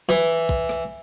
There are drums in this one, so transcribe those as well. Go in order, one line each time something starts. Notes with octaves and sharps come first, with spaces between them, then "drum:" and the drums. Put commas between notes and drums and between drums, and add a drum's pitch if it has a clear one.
E3
drum: kick
drum: rim click